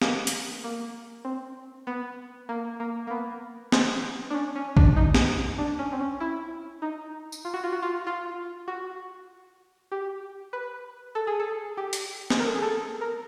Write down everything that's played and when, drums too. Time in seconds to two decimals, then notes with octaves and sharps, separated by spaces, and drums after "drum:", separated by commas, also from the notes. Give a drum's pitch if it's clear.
0.02 A#3, drum: snare
0.27 drum: hi-hat
0.64 A#3
1.25 C4
1.87 B3
2.49 A#3
2.80 A#3
3.07 A#3
3.10 B3
3.72 C4, drum: snare
4.30 D4
4.34 C#4
4.55 C#4
4.77 D4, drum: kick A#1
4.96 D#4
5.14 drum: snare
5.58 D4
5.79 C#4
5.92 C4
6.00 C#4
6.20 E4
6.82 D#4
7.32 drum: tambourine
7.45 F4
7.54 F#4
7.64 F4
7.72 F#4
7.83 F4
8.07 F4
8.68 F#4
9.92 G4
10.53 B4
11.15 A4
11.27 G#4
11.40 A4
11.77 G4
11.93 drum: hi-hat
12.30 drum: snare
12.40 A#4
12.47 A4
12.55 G#4
12.62 A4
13.01 A#4